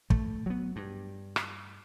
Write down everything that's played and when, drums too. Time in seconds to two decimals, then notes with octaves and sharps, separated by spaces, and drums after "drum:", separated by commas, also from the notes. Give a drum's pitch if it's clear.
0.10 A3, drum: kick
0.46 F#3 B3
0.76 G2
1.36 drum: rim click